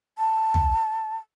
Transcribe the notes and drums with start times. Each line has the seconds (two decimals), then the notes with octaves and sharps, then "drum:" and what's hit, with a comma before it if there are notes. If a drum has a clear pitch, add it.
0.18 A5
0.54 drum: tom